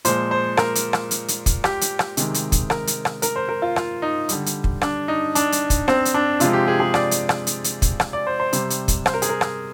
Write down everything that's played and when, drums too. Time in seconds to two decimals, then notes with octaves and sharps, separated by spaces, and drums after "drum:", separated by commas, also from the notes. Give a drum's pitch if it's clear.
0.05 A#2 F3 G#3 C5, drum: hi-hat
0.31 C5
0.57 A#4, drum: rim click
0.75 drum: hi-hat
0.93 drum: rim click
1.11 drum: hi-hat
1.28 drum: hi-hat
1.46 drum: kick, hi-hat
1.64 G4, drum: rim click
1.81 drum: hi-hat
1.99 drum: rim click
2.17 C3 D#3 G#3, drum: hi-hat
2.34 drum: hi-hat
2.52 drum: kick, hi-hat
2.70 A#4, drum: rim click
2.87 drum: hi-hat
3.05 drum: rim click
3.22 A#4, drum: hi-hat
3.36 C5
3.49 A#4
3.62 F4
3.76 F4, drum: rim click
4.02 D#4
4.29 D3 G3, drum: hi-hat
4.46 drum: hi-hat
4.64 drum: kick
4.81 D4, drum: rim click
5.08 D#4
5.35 D4, drum: hi-hat
5.52 drum: hi-hat
5.70 drum: kick, hi-hat
5.88 C4, drum: rim click
6.05 drum: hi-hat
6.14 D4
6.40 C3 F3 G#3 F4, drum: hi-hat
6.53 G4
6.68 G#4
6.80 G#4
6.94 D5, drum: rim click
7.11 drum: hi-hat
7.29 drum: rim click
7.47 drum: hi-hat
7.64 drum: hi-hat
7.82 drum: kick, hi-hat
8.00 drum: rim click
8.13 D5
8.27 C5
8.40 C5
8.53 C3 G3, drum: hi-hat
8.70 drum: hi-hat
8.88 drum: kick, hi-hat
9.06 C5, drum: rim click
9.14 A#4
9.22 G#4, drum: hi-hat
9.29 A#4
9.41 drum: rim click